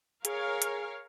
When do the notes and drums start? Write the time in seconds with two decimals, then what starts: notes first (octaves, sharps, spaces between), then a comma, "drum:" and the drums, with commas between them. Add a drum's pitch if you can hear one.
0.25 G#4 A#4 C#5 F5, drum: hi-hat
0.62 drum: hi-hat